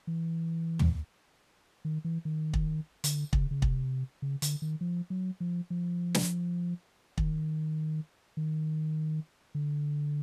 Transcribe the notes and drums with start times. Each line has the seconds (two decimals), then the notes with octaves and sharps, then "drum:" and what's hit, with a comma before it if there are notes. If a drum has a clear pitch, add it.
0.07 E3
0.79 drum: tom
1.85 D#3
2.05 E3
2.25 D#3
2.54 drum: kick
3.04 D3, drum: hi-hat
3.33 C#3, drum: kick
3.51 C#3
3.62 C3, drum: kick
4.22 C#3
4.42 D3, drum: hi-hat
4.62 D#3
4.81 F3
5.10 F#3
5.40 F3
5.70 F3
6.15 drum: snare
7.18 D#3, drum: kick
8.37 D#3
9.55 D3